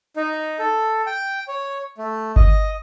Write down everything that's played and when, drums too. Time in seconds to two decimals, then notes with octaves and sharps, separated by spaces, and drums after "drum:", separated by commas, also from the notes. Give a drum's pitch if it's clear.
0.16 D#4
0.59 A4
1.07 G5
1.48 C#5
1.98 A3
2.36 D#5, drum: kick G1